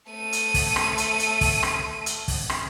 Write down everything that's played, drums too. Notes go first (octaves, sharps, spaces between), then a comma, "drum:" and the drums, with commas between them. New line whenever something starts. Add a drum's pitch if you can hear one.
A3 D#7
drum: hi-hat
drum: kick, open hi-hat
drum: rim click
drum: hi-hat
drum: hi-hat
drum: kick, open hi-hat
drum: rim click
drum: hi-hat
drum: kick, open hi-hat
drum: rim click